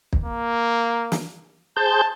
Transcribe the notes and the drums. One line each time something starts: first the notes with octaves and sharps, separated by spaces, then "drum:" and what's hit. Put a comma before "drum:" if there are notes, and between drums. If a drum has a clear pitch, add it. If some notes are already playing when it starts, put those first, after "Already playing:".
drum: kick
A#3
drum: snare
G#4 C5 A5 G6